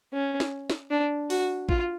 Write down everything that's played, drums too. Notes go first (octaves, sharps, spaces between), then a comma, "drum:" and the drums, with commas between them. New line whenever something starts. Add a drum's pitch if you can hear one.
C#4
drum: snare
drum: snare
D4
F#4, drum: open hi-hat
F4, drum: kick A1